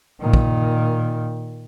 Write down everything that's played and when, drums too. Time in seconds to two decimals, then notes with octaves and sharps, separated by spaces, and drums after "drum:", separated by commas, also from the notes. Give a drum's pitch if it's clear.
0.21 A#2 D#3
0.33 drum: kick